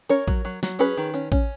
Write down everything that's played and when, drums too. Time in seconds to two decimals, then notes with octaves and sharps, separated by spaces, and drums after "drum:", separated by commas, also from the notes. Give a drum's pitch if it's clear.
0.09 C#4 A#4 C#5, drum: hi-hat
0.28 F#3, drum: kick A1, hi-hat
0.45 F#3, drum: open hi-hat
0.63 F#3, drum: snare
0.79 C#4 G#4 B4, drum: open hi-hat
0.97 D#3, drum: open hi-hat
1.14 C#4, drum: hi-hat
1.32 C#4, drum: kick A1, hi-hat